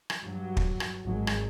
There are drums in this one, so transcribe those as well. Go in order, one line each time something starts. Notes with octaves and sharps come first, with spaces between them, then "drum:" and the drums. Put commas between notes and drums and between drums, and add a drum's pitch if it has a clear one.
drum: rim click
G2 F#3
drum: kick
drum: rim click
G#1 F#3 G#3
drum: rim click